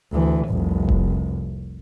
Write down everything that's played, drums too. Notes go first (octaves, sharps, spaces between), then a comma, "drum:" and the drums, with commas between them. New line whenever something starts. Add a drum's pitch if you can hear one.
D2 E3
F1 C2
drum: kick E1